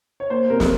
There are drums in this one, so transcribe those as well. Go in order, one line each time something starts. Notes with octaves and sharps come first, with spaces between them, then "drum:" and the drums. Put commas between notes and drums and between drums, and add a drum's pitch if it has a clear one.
C#5
A#3 C5
C3 A#4
drum: snare